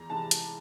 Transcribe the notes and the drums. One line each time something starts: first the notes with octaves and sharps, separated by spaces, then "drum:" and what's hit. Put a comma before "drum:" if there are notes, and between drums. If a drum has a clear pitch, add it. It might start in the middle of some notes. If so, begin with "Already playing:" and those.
Already playing: E2 A#5
C3 E3 G#3 A5
drum: hi-hat